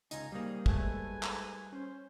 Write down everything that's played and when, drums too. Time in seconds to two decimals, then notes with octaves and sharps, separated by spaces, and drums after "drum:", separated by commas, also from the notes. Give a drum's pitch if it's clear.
0.11 C#2 D#4 F5 G#5 A#5, drum: hi-hat
0.32 G3 A#3 C4 D#4 G#4
0.66 G#2 G#3 A3 A4 B4 G#5, drum: kick
1.23 drum: clap
1.72 C#4 C5